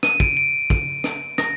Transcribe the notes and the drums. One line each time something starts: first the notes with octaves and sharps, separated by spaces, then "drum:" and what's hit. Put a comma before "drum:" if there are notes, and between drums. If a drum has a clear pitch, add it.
D#7, drum: rim click
D7, drum: kick
D7
drum: kick
drum: rim click
A#6, drum: rim click